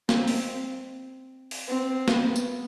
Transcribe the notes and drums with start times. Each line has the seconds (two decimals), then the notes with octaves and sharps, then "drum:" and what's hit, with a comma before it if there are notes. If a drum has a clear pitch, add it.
0.09 C4, drum: snare
0.28 drum: open hi-hat
1.51 drum: open hi-hat
1.68 C4
2.08 B3, drum: snare
2.36 drum: tambourine